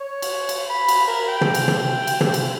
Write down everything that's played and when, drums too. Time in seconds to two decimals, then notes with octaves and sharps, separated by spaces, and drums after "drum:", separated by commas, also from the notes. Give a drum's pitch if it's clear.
0.01 C#5
0.22 drum: cymbal
0.49 drum: cymbal
0.70 B5
0.88 drum: cymbal
1.07 A#4
1.28 G5
1.41 drum: tom
1.55 drum: cymbal
1.68 drum: tom
2.07 drum: cymbal
2.21 drum: tom
2.34 drum: cymbal